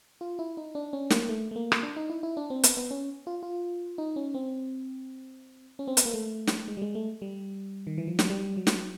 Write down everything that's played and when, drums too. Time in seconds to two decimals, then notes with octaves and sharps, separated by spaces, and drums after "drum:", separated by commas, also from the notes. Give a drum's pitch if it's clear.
0.21 F4
0.39 E4
0.57 D#4
0.75 D4
0.93 C#4
1.10 A#3, drum: snare
1.29 A3
1.51 A3
1.56 A#3
1.72 drum: rim click
1.83 D4
1.96 D#4
2.10 E4
2.23 E4
2.37 D4
2.50 C4
2.63 B3, drum: hi-hat
2.77 B3
2.91 C#4
3.27 F4
3.43 F4
3.98 D#4
4.16 C#4
4.34 C4
5.79 C#4
5.87 C4
5.97 B3, drum: hi-hat
6.05 A#3
6.14 A3
6.47 drum: snare
6.68 G#3
6.77 G3
6.82 G#3
6.95 A3
7.22 G3
7.87 D#3
7.98 E3
8.08 F3
8.19 F#3, drum: snare
8.30 G3
8.57 F#3
8.67 drum: snare